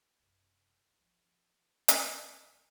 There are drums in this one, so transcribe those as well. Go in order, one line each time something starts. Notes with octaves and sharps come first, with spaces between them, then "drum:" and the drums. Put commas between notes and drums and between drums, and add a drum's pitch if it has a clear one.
F#1 C3
F3 D#4
drum: hi-hat
G1 F#3